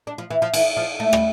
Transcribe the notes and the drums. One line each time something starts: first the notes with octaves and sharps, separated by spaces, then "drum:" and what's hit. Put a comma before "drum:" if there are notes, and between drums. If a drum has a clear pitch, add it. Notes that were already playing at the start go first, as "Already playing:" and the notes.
D4
F3
E3
F3
E3, drum: cymbal
F3
A3
G3, drum: rim click